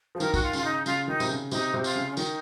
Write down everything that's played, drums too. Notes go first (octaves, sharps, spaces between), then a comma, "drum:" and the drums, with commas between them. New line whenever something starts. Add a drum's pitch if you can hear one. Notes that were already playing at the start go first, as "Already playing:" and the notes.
F3 G#4
D#3 A#4, drum: tambourine
F#4, drum: kick, tambourine
F4
C#3 F4, drum: tambourine
D#4
C#3 F4, drum: tambourine
D#3 D#4
C3, drum: tambourine
C#3
C3 D#4, drum: tambourine
C3
F4, drum: tambourine
C#3
C#4
D#3 D#4, drum: tambourine